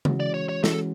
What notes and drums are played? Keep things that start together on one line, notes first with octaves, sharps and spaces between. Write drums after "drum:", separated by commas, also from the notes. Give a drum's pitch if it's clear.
E3 G#3 C#4 F#4, drum: tom C#3
D5
C#5
C#5
E3 G#3 C#4 F#4 A4, drum: snare